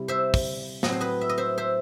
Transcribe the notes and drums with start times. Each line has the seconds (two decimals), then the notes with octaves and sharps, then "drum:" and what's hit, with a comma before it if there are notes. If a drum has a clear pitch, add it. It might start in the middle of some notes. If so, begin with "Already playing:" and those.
Already playing: C3 G3 E4
0.08 C5 E5
0.34 drum: kick, open hi-hat
0.83 A2 F#3 C4 D#5, drum: snare
0.92 C5
1.01 B4 D#5
1.21 E5
1.29 D#5
1.38 C5 E5
1.58 C5 E5